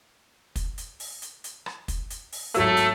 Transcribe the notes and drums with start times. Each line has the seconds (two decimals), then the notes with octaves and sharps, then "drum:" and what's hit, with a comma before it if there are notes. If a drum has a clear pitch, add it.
0.56 drum: kick, hi-hat
0.78 drum: hi-hat
1.00 drum: open hi-hat
1.22 drum: hi-hat
1.44 drum: hi-hat
1.66 drum: rim click
1.88 drum: kick, hi-hat
2.10 drum: hi-hat
2.32 drum: open hi-hat
2.55 G#1 F#3 A3 E6, drum: hi-hat
2.77 drum: hi-hat